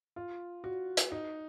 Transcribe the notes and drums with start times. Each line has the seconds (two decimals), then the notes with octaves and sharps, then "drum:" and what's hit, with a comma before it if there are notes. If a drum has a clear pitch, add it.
0.16 F4
0.64 F#4
0.97 drum: hi-hat
1.12 D#4